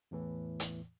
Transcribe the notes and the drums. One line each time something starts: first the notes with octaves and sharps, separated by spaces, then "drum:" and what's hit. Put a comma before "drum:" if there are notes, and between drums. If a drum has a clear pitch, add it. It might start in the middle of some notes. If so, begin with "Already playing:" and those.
E2 A2 E3
drum: hi-hat